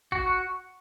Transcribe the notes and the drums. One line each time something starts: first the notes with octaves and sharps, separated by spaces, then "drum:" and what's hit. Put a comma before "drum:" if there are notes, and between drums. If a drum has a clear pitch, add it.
F#4, drum: kick